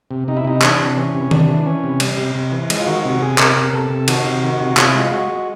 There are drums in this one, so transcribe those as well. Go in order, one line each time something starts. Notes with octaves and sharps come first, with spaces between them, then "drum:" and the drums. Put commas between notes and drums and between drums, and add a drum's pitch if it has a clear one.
C3
C3 D#4
E4
C3 D#4
E3 D4, drum: clap
C3
E3 C#4
C3
C3 D4, drum: tom D#3
E3
E3 C#4
C3
G3, drum: cymbal
C3
C3
E3
G#3, drum: cymbal
F4
D#3 F#4
C3 F#4
C3 G#4
C3 A#4, drum: clap
C3
C3 A4
C3
D#3 F#4, drum: cymbal
C3
D#3 F#4
C3
C3 F4, drum: clap
E4
G#3 F4
G#3 F#4
G#3